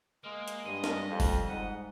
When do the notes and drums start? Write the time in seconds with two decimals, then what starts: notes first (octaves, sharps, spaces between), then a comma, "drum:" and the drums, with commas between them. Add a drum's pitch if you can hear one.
0.24 G#3 A#3
0.48 drum: hi-hat
0.66 G2 G3 D#5
0.84 drum: snare
1.09 F2 F4
1.20 drum: kick F#1, open hi-hat
1.48 G#2 F#5